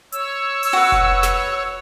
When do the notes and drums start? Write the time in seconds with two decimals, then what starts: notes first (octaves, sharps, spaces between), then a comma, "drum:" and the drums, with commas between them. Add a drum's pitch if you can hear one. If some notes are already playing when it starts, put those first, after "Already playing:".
0.12 C#5 E6, drum: hi-hat
0.63 drum: open hi-hat
0.73 F#4 B4
0.92 drum: kick F1
1.23 drum: snare